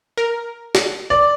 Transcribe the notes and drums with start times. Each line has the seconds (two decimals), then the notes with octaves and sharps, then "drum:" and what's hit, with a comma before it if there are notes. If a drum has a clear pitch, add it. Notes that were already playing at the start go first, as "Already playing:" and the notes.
0.17 A#4
0.75 drum: snare
1.10 D5